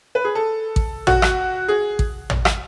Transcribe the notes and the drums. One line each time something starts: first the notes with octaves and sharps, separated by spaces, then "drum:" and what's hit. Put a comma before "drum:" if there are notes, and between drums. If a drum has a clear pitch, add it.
B4
G#4
A4
drum: kick A1
F#4, drum: tom
drum: rim click
G#4
drum: kick A1
drum: tom
drum: rim click